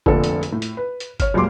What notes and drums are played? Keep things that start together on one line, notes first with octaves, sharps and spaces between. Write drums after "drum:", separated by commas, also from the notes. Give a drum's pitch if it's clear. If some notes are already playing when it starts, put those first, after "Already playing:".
F1 A#1 D3 A#3 A4, drum: kick
drum: hi-hat
drum: hi-hat
A2
drum: hi-hat
B4
drum: hi-hat
C#5 F6, drum: kick, hi-hat
C#2 F#2 A#2 G3 C6 D6